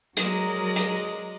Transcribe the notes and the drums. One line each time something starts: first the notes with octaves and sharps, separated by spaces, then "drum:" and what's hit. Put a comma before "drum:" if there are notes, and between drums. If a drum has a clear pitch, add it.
F#3 G#3 A#4 D5 D#5, drum: hi-hat
drum: hi-hat